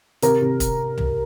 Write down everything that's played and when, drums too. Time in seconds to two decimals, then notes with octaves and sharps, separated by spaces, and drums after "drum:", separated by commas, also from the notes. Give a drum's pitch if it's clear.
0.22 C3 A#4, drum: hi-hat
0.41 C3
0.60 drum: kick, hi-hat
0.98 drum: tom